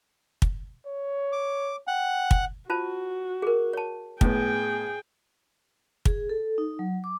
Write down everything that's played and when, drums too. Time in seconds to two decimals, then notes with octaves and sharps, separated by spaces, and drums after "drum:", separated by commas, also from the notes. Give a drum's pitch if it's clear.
0.42 drum: kick
0.86 C#5
1.32 D6
1.87 F#5 G5
2.31 drum: kick
2.70 F4 F#4 C5 A5
3.42 G#4 A#4
3.73 C#5 A5
4.21 A2 B3 G#4 G5, drum: kick
6.05 G#4, drum: kick
6.29 A4
6.58 D#4
6.79 F#3
7.04 D6